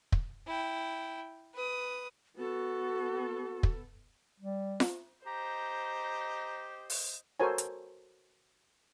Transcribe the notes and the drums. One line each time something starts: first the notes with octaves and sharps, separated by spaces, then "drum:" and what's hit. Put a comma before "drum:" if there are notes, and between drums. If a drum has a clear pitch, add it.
drum: kick
E4 G5
B4 D#6
B3 F#4 A4
drum: kick
G3
drum: snare F4
G4 C5 D#5 A#5
drum: open hi-hat
F#4 A4 A#4 C5 C#5 G#5
drum: hi-hat